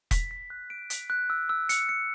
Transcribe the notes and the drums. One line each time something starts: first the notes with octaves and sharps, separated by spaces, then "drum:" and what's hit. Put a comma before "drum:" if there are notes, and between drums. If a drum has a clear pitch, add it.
B6, drum: kick E1, hi-hat
B6
F#6
D7
B6, drum: hi-hat
F#6
E6
E6
C#7, drum: hi-hat
C#7